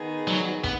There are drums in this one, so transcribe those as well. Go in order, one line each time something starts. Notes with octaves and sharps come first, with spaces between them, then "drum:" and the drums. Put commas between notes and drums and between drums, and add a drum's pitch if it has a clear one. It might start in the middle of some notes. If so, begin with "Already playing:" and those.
Already playing: D#3 B3 G#4
F#3
B3, drum: kick